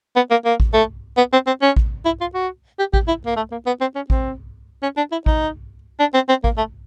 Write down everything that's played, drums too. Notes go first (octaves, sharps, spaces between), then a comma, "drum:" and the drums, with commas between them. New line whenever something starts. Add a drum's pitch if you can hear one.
B3
A#3
A#3
drum: kick A1
A3
B3
C4
C4
C#4
drum: kick A1
E4
F4
F#4
G4
G4, drum: kick A1
E4
A#3
A3
A#3
B3
C4
C#4
C4, drum: kick A1
C#4
D4
E4
D#4, drum: kick A1
D4
C4
C4
A#3, drum: kick A1
A3